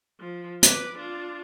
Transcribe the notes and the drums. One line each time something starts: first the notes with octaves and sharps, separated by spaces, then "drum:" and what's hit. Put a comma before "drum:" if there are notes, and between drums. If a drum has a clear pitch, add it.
F3
B4 D6, drum: hi-hat
D4 F4